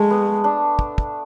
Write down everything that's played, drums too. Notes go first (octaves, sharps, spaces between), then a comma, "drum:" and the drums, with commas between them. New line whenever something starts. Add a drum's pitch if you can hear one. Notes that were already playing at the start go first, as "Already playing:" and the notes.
Already playing: G#3 A3
B3
D4
drum: kick
drum: kick